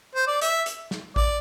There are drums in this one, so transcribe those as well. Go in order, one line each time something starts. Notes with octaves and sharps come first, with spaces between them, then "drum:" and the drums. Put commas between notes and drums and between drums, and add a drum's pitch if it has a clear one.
C5
D5
E5, drum: hi-hat
drum: hi-hat
drum: snare
D5, drum: kick A1